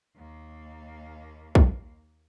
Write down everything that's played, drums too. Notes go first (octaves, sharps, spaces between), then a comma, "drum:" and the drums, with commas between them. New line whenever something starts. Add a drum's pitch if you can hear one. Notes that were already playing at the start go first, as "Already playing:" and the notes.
D#2 A#3
drum: kick B1